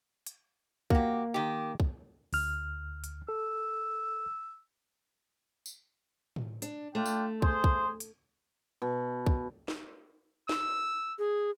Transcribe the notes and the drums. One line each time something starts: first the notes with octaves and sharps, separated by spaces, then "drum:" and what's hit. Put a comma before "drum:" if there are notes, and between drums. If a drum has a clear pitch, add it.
drum: hi-hat
A#3 F#4 G4, drum: kick
D#3 G4
drum: kick
D2 F6, drum: open hi-hat
drum: hi-hat
A4 E6
drum: tambourine
drum: tom A2
D4, drum: hi-hat
A3 D4 F4 G5
drum: tambourine
G#4 C5, drum: kick
drum: kick
drum: hi-hat
B2
drum: kick
drum: snare
E6, drum: snare
G#4